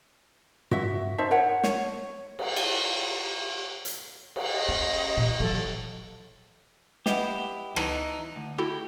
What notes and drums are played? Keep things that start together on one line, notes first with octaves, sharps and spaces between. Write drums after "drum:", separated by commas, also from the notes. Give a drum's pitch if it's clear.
F#4 E5, drum: tom
D#4 C5 E5 A5
A#4 C#5 F#5
C#5, drum: snare
drum: cymbal
drum: cymbal
drum: hi-hat
drum: cymbal
D#5
C#4
A#2
E3 F#3 A4
E4 G4 B4 D#5 F#5, drum: snare
E3 D#4 A5, drum: rim click
D2
E4 F#4 G4 A4